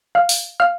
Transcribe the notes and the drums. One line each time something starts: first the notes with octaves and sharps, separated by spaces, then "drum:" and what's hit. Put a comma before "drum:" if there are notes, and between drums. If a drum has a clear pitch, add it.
F5 F6
drum: open hi-hat
F5 F6